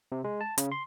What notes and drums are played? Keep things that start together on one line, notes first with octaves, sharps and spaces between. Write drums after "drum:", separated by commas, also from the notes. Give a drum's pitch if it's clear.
C3
G#3
A5
C#3, drum: hi-hat
C6